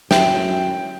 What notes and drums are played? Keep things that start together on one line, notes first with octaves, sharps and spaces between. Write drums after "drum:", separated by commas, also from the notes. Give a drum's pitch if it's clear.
F#2 E4 G5, drum: snare